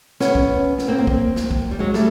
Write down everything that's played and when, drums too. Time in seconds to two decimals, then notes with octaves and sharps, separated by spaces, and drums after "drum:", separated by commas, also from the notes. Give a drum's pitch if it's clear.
0.20 B3 C#4, drum: snare
0.35 drum: kick
0.78 drum: snare
0.88 A#3 C4
0.98 A#3 C4
1.07 drum: kick
1.36 drum: snare
1.51 drum: kick
1.71 G3
1.79 F#3 G#3
1.94 G3 A3, drum: snare